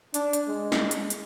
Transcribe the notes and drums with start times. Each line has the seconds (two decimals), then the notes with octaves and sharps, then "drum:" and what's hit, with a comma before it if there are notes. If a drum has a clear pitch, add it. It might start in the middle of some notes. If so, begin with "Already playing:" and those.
0.14 D4, drum: hi-hat
0.33 drum: hi-hat
0.48 G#3
0.72 drum: snare
0.91 drum: hi-hat
1.10 drum: hi-hat